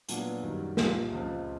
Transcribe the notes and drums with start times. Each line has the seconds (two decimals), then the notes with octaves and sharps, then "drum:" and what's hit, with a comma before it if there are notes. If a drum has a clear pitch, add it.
0.09 A#2 F#3 B3 D4, drum: hi-hat
0.43 F#2 D#3 G3
0.77 C2 A#2 F3, drum: snare
1.12 C#2 C#3 F3 A3 C4